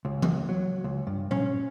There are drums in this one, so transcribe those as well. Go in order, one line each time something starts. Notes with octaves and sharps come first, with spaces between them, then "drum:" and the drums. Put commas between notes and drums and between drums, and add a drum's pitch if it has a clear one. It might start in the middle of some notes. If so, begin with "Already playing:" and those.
C#2
drum: tom E3
F#3
C#2
G2
C#4, drum: tom A#2